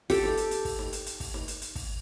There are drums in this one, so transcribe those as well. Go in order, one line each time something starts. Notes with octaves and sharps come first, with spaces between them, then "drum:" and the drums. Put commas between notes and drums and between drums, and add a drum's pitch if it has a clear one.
G4 A4, drum: kick, open hi-hat
drum: snare D#4
drum: hi-hat
drum: hi-hat
drum: kick, open hi-hat
drum: snare D#4
drum: hi-hat
drum: hi-hat
drum: kick, open hi-hat
drum: snare D#4
drum: hi-hat
drum: hi-hat
drum: kick, open hi-hat